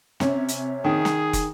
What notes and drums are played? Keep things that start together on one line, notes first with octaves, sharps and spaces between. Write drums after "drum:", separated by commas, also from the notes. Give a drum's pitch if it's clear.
C3 C#4, drum: snare
drum: hi-hat
D#3 G#4
drum: snare
drum: kick, hi-hat